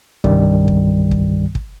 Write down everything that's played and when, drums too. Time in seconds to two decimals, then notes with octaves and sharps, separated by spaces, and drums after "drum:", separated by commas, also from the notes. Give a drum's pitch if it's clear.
0.24 C2 G2 D#3 G3, drum: kick
0.68 drum: kick
1.11 drum: kick
1.55 drum: kick